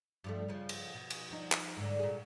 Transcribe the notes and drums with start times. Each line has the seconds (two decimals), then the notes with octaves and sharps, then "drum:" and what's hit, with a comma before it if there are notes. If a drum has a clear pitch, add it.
0.24 G2 F3 A3
0.48 C#3 F3
0.69 drum: cymbal
0.94 B2
1.10 drum: cymbal
1.31 F3 D#4
1.52 drum: clap
1.77 G#2 D3
1.99 A#2 G#4